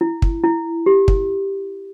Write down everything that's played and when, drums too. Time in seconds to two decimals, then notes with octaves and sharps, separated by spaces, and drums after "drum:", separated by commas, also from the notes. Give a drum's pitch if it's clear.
0.01 E4
0.22 drum: kick
0.44 E4
0.86 G4
1.08 drum: kick